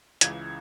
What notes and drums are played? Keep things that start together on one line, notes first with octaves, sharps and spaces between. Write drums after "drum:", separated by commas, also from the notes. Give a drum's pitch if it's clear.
C#2 C#3 E3 G#6, drum: hi-hat